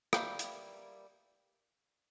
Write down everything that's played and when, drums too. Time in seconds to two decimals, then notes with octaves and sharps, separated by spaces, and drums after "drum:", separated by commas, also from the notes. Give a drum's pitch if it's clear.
0.13 G3 A#3 E4 G4 B4, drum: rim click
0.39 drum: hi-hat